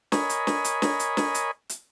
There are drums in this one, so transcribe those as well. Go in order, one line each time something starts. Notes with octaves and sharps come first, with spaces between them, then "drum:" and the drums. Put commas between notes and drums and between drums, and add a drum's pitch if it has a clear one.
A#4 C#5 D#5 G#5 B5, drum: snare
drum: hi-hat
drum: snare
drum: hi-hat
drum: snare
drum: hi-hat
drum: snare
drum: hi-hat
drum: hi-hat